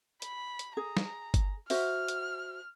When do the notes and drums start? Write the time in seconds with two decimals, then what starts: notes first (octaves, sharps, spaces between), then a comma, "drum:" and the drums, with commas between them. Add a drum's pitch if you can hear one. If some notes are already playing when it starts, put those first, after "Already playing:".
0.22 B5, drum: hi-hat
0.59 drum: hi-hat
0.77 G#4 A#5
0.97 drum: snare
1.34 drum: kick G1, hi-hat
1.70 F#4 C5 E5 F6, drum: open hi-hat
2.08 drum: hi-hat